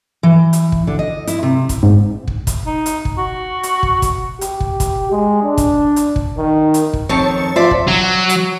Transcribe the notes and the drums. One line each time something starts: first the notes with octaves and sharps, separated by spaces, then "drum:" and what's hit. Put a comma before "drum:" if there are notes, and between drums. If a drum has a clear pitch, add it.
E3
drum: hi-hat
drum: kick
D3
D#5
E4, drum: hi-hat
C3
drum: kick, hi-hat
G#2
drum: kick
drum: kick, hi-hat
D#4
drum: hi-hat
drum: kick
F#4
drum: hi-hat
drum: kick
drum: kick, hi-hat
G4, drum: hi-hat
drum: kick
drum: kick, hi-hat
G#3
D4
drum: kick, hi-hat
drum: hi-hat
drum: kick
D#3
drum: hi-hat
drum: kick
F2 D#3 C4 C#5 A5 C#7
F3 C5 D5 E5 C6
drum: kick
F#3
drum: hi-hat